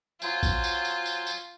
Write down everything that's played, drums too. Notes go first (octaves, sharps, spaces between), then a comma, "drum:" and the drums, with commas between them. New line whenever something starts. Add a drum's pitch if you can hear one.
F#3 F4 C5 G#5, drum: tambourine
drum: kick A#1, tambourine
drum: tambourine
drum: tambourine
drum: tambourine
drum: tambourine